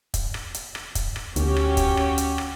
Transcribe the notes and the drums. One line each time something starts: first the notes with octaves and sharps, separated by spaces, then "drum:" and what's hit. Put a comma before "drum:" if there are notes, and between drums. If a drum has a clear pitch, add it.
drum: kick, hi-hat
drum: rim click
drum: hi-hat
drum: rim click
drum: kick, hi-hat
drum: rim click
D2 C#4 F#4 G4, drum: hi-hat
drum: rim click
drum: kick, hi-hat
drum: rim click
drum: hi-hat
drum: rim click